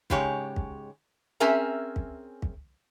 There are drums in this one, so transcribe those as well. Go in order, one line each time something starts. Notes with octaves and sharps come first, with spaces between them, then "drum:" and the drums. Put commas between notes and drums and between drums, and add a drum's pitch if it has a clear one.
G#2 C#3 G#3 G4 C#5, drum: kick
drum: kick
C4 C#4 G#4 A#4 E5 A#5
drum: kick
drum: kick